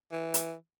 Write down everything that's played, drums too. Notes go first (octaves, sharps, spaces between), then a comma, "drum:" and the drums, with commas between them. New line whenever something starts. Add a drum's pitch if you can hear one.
E3
drum: hi-hat